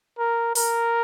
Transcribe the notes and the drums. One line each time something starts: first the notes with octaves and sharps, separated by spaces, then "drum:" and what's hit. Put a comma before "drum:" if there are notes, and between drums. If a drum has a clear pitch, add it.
A#4
A#4, drum: open hi-hat